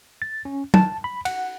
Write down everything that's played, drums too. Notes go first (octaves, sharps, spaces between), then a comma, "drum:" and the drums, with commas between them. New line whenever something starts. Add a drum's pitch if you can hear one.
A6
C#4
A5, drum: tom
B5
F#5, drum: cymbal